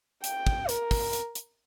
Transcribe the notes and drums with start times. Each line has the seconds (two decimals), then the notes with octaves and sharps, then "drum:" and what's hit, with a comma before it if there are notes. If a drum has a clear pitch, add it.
0.24 G5, drum: hi-hat
0.47 drum: kick
0.69 A#4, drum: hi-hat
0.91 drum: kick, open hi-hat
1.13 drum: hi-hat
1.35 drum: hi-hat